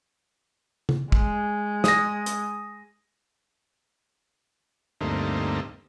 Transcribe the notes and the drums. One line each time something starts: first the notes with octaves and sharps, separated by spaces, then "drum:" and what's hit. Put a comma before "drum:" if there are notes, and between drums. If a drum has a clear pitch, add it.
drum: tom C#3
G#3, drum: kick
D#6 A#6, drum: snare
drum: hi-hat
D2 G2 A3 A#3 C4 D#4